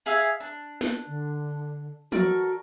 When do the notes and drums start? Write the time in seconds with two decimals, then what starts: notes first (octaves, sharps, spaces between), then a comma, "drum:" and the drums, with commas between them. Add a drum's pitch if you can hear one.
0.06 G#4 E5 F5
0.40 D4
0.81 drum: snare
1.07 D3
2.12 F#4 A4 A#4 D5, drum: tom